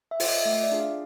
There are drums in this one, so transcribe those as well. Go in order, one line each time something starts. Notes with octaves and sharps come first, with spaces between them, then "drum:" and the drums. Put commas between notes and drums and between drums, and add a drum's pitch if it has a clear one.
E5
F4 A4, drum: open hi-hat
D#5
A3 E5
D5
D4 F4 G#4
F5